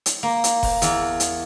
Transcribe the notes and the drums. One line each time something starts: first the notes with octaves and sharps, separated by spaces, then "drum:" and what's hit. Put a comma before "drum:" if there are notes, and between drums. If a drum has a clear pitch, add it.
drum: hi-hat
A#3
drum: hi-hat
drum: kick F#1, open hi-hat
E2, drum: hi-hat
drum: hi-hat